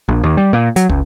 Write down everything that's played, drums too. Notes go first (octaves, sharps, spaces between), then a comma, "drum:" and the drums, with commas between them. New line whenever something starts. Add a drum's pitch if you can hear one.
A#1
D#2
G3
A#2
F#3, drum: hi-hat
C#2, drum: kick